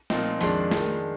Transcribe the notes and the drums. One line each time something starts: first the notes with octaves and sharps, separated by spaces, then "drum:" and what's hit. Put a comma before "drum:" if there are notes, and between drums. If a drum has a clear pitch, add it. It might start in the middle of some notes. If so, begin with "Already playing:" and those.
A#2 F3 C4 D#4, drum: snare
F2 D#3 G#3 D4 C6, drum: open hi-hat
D#3 G#3 D4, drum: snare